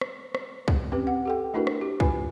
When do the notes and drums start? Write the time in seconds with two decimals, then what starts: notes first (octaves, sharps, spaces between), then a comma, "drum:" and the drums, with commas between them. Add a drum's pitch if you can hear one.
0.01 drum: rim click
0.35 drum: rim click
0.68 drum: kick
0.92 C4 C#4 G4 B4
1.07 F#5
1.25 G4 A4 G5
1.54 A3 D4 E4 F#4 A#4 B4
1.67 drum: rim click
1.81 G4
2.00 F4 B4 G#5, drum: kick